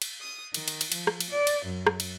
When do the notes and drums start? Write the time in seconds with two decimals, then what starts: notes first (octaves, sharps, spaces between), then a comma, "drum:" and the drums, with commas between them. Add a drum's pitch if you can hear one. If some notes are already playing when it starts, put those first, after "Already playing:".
0.02 drum: cymbal
0.20 D#6
0.54 D#3, drum: cymbal
0.68 drum: cymbal
0.81 drum: cymbal
0.92 F3, drum: cymbal
1.07 drum: rim click
1.20 drum: cymbal
1.30 D5
1.47 drum: cymbal
1.66 F#2
1.87 drum: rim click
2.00 drum: cymbal